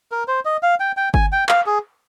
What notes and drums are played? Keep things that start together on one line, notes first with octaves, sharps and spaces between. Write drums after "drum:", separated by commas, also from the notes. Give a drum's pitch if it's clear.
A#4
C5
D#5
F5
G5
G5
G#5, drum: kick G1
G5
F5, drum: clap
G#4